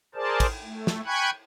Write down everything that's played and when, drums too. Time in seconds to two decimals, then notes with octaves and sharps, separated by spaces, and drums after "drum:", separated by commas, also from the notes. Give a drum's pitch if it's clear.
0.15 G#4 A#4 C5 D5 A5
0.40 drum: kick, cymbal
0.64 A3
0.87 drum: snare
1.06 G5 G#5 B5 C#6 F#6 G#6